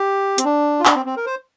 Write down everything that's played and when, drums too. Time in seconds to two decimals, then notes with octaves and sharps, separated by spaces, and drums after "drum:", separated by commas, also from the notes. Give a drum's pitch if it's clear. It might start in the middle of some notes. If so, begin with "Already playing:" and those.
Already playing: G4
0.38 C4, drum: hi-hat
0.45 D4
0.80 F4
0.85 D4, drum: clap
0.96 C4
1.06 C4
1.16 A#4
1.26 C5